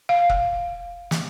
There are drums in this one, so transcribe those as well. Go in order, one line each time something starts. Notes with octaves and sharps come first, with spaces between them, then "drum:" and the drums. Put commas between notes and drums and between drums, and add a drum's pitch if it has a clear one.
F5
drum: kick F1
drum: snare